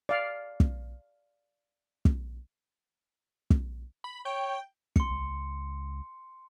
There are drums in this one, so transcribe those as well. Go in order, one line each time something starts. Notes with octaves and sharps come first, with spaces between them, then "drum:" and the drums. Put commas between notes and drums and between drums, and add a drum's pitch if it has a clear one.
D5 F5
drum: kick
drum: kick
drum: kick
B5
C#5 G5
C6 C#7, drum: kick
C#2